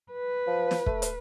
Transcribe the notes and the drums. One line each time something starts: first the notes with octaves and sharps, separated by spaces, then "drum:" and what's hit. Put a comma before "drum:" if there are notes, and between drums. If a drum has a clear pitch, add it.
B4
F3
drum: snare
A3, drum: kick
drum: hi-hat